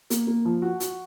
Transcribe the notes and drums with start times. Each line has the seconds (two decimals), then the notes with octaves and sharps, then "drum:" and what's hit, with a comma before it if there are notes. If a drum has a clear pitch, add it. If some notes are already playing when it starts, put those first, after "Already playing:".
0.10 A#3, drum: hi-hat
0.27 A#3
0.45 F3
0.62 F#4
0.80 F#4, drum: hi-hat